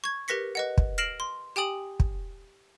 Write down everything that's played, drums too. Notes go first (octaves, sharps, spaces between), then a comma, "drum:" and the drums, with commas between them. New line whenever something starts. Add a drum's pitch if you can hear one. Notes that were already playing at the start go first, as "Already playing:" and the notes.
C#6 G#6
G4 A#4 B4 A#6 B6 C#7
B4 D#5 F#5
drum: kick
F6 A#6 C7 D7 E7 F#7
C6
G4 G5 G#5 D#6 F#7
drum: kick